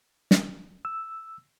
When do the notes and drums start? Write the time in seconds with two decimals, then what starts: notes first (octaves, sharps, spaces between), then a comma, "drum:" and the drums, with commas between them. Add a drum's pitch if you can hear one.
0.31 drum: snare
0.85 E6